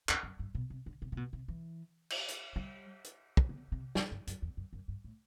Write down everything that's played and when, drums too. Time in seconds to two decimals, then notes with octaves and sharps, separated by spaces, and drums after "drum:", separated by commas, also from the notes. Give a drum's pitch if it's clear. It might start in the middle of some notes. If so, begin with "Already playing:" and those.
0.09 E2, drum: clap
0.23 F#2
0.39 G2
0.55 B2
0.70 C3
0.86 D3
1.02 C3
1.12 C3
1.17 B2
1.33 C3
1.48 E3
2.10 drum: cymbal
2.28 drum: hi-hat
2.56 G3
3.04 drum: hi-hat
3.37 drum: kick
3.49 B3
3.72 C3
3.95 F#2, drum: snare
4.11 G2
4.27 F#2, drum: hi-hat
4.42 E2
4.57 F#2
4.73 F#2
4.88 G2
5.04 A2